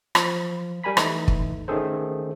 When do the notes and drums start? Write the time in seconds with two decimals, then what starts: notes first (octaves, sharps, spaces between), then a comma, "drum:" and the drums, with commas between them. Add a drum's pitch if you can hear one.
0.15 F3, drum: rim click
0.84 G3 A#4 G#5 A#5 B5 B6
0.97 E3 A3 D#4, drum: rim click
1.28 drum: kick
1.68 D#3 A3 C#4 G#4 A4 C5